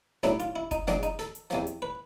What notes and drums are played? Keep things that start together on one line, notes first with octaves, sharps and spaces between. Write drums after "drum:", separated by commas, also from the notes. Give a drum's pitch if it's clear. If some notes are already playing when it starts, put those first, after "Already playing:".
B1 A2 F#3 B3 D4 E4, drum: snare
F4, drum: hi-hat
E4
D#4, drum: kick F#1, hi-hat
A#1 A#2 F3 G#3 D4, drum: snare
D#4, drum: hi-hat
A4, drum: snare
drum: hi-hat
E2 C3 F3, drum: snare
drum: hi-hat
B4